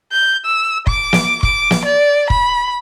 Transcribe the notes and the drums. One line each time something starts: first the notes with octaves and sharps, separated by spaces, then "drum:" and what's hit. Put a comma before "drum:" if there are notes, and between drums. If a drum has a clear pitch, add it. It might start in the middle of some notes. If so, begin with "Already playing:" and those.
G6
E6
D6, drum: kick
drum: snare
D6, drum: kick
drum: snare
D5
B5, drum: kick